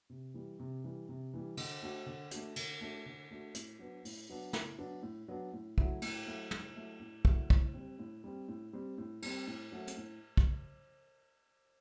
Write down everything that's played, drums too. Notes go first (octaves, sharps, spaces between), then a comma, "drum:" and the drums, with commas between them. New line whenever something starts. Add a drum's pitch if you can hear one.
C3
E3 G3
C3
E3 G3
C3
E3 G3
D3, drum: cymbal
A3 D4 F#4
D3
A3 D4 F#4, drum: hi-hat
D3, drum: cymbal
A3 D4 F#4
D3
A3 D4 F#4
A2, drum: hi-hat
F#3 B3 D4
A2, drum: open hi-hat
F#3 B3 D4
A2, drum: snare
F#3 B3 D4
A2
F#3 B3 D4
A2
F#3 A3 E4, drum: kick
A2, drum: cymbal
F#3 A3 E4
A2, drum: tom
F#3 A3 E4
A2
F#3 A3 E4, drum: kick
A2, drum: kick
G3 C4
A2
G3 C4
A2
G3 C4
A2
G3 C4, drum: cymbal
A2
F#3 A3
drum: hi-hat
A2
drum: kick